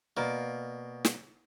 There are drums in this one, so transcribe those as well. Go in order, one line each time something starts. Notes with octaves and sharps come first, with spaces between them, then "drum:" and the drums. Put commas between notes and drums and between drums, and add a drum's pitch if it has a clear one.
B2 A#3 D5
drum: snare